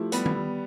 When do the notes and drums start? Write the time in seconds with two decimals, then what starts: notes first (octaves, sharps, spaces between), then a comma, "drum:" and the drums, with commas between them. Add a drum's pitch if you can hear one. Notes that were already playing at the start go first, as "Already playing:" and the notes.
Already playing: F3 A3 E4 G4
0.12 G3 B3, drum: hi-hat
0.26 drum: tom